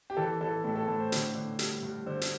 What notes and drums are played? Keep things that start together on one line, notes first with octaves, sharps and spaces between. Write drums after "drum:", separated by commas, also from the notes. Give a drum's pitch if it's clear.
G4
E3 A4
E3 A4
A2 A4
A4
A2 A4
C5
D3, drum: hi-hat
D3
G2, drum: hi-hat
G2
D3 C5
drum: hi-hat